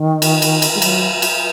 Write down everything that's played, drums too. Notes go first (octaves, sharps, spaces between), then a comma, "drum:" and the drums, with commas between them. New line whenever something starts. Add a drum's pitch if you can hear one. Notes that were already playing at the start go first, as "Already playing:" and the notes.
Already playing: D#3
drum: cymbal
drum: cymbal
drum: cymbal
G#3
F#3, drum: cymbal
drum: cymbal